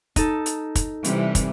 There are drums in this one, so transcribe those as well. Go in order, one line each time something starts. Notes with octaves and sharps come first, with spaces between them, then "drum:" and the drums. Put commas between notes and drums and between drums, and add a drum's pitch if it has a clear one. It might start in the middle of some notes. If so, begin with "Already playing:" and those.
D#4 A4, drum: kick, hi-hat
drum: hi-hat
drum: kick, hi-hat
C3 E3 G3, drum: hi-hat
drum: kick, hi-hat